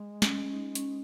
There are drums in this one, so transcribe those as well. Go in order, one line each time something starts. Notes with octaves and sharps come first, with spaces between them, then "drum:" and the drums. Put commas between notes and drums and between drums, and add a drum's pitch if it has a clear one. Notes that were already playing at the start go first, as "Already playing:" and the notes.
Already playing: G#3
C#4, drum: snare
C#4
D#4
C#4, drum: hi-hat